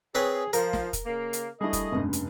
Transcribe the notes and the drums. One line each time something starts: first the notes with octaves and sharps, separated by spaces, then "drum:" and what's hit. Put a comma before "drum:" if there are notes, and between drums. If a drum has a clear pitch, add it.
C4 G#4 B4 C#5
F3 A#4, drum: hi-hat
drum: snare
drum: kick, hi-hat
C#3 A#3
drum: hi-hat
G3 A3 D4 E4 G#4 D#5
drum: kick, hi-hat
F1 C#2 G2
drum: hi-hat